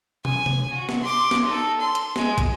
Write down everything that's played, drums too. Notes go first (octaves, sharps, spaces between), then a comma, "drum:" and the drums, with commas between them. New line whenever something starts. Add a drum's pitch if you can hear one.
G#5, drum: tom
drum: tom C3
F#4
drum: snare
C6 D6
drum: snare
D#4 A4
C6
drum: hi-hat
G#3, drum: snare
drum: kick, hi-hat